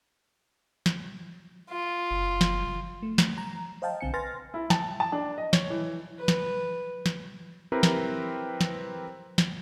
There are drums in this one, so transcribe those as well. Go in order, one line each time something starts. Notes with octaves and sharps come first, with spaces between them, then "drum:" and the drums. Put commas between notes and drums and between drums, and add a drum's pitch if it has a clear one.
drum: snare
F4
F#1
drum: snare
A3
drum: snare
A#5
C5 D#5 F5 G5 A5
B1 D3 C4 G#5 C#7
B4 G#5 C6 F6 A6 A#6
E4
A5, drum: snare
A5
D4
D#5
C#5, drum: snare
E3
B4
drum: snare
drum: snare
C4 E4 G4 A#4 B4 A#5
drum: snare
drum: snare
drum: snare